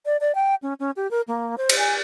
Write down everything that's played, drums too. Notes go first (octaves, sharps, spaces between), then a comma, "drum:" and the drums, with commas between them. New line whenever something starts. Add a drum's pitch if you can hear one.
D5
D5
G5
C#4
C#4
G4
A#4
A#3
C5
drum: cymbal
G#5